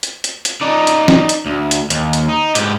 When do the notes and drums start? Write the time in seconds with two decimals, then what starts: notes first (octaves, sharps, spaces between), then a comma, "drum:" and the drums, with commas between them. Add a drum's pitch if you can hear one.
0.03 drum: hi-hat
0.24 drum: hi-hat
0.45 drum: hi-hat
0.62 D#4 D5
0.87 drum: hi-hat
1.08 drum: snare
1.29 drum: hi-hat
1.46 D2
1.71 drum: hi-hat
1.90 D#2, drum: hi-hat
2.13 drum: hi-hat
2.29 D#4
2.55 G#2 G4, drum: hi-hat